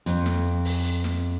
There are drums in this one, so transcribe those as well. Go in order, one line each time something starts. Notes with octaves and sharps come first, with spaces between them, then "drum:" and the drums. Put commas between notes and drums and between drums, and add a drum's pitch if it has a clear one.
F2, drum: hi-hat
drum: snare
drum: open hi-hat
drum: hi-hat
drum: snare